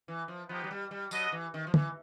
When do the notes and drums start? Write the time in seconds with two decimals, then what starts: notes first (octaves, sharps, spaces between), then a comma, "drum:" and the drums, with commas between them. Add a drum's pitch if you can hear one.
0.08 E3
0.28 F3
0.49 F3 B3 D#4 G4
0.64 F#3
0.71 G3
0.91 G3
1.11 F#3 D4 F#4 B4 D#5, drum: tambourine
1.32 E3
1.54 D#3
1.67 F3
1.74 E3, drum: tom